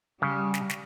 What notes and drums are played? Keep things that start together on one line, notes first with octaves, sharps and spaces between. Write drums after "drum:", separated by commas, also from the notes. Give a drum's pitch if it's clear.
C#3 G3
drum: snare
drum: snare